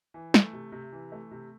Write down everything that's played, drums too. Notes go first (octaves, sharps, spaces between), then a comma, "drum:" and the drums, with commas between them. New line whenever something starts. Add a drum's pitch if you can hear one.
E3
A3, drum: snare
C3
C3
E3
A3
C3